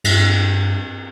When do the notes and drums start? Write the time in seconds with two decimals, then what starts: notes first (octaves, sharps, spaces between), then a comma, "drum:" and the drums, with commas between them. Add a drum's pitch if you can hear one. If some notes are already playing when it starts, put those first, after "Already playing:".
0.04 G2, drum: cymbal